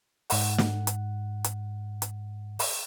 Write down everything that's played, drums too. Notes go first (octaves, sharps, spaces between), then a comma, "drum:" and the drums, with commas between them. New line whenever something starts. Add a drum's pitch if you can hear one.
G#2 F#5, drum: open hi-hat
drum: snare
drum: hi-hat
drum: hi-hat
drum: hi-hat
drum: open hi-hat